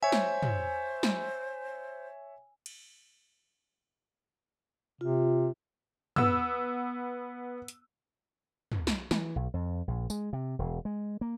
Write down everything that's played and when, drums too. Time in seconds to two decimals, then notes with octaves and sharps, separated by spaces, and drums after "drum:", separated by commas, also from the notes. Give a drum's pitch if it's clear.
0.03 C5 C#5 E5 G#5
0.12 drum: snare
0.43 drum: tom
1.03 drum: snare
2.66 drum: cymbal
5.01 C3 F4
6.16 B3 E6, drum: tom
7.68 drum: hi-hat
8.72 drum: tom
8.87 drum: snare
9.11 E3, drum: snare
9.36 B1
9.54 F2
9.88 A#1
10.10 G#3, drum: tambourine
10.33 C3
10.59 E1
10.85 G#3
11.21 A#3